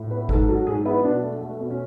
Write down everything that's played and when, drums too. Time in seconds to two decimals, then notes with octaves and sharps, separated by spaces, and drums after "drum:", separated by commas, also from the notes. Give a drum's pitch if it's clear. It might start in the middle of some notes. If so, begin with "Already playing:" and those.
Already playing: A2
0.11 B3 B4
0.29 G#2 A4, drum: kick G#1
0.48 F#3 A4
0.67 G#2 G#4
0.85 B3 E4
1.04 B2 D4
1.23 A3
1.41 A3
1.60 B2
1.70 C#4